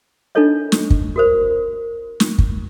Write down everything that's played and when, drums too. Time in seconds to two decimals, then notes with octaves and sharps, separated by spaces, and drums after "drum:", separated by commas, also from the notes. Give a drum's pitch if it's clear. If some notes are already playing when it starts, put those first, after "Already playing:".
0.35 D4 D#4 F4 A4 C#5 D#5
0.72 drum: snare
0.90 drum: kick
1.16 F#4 A#4 C5
2.20 drum: snare
2.38 drum: kick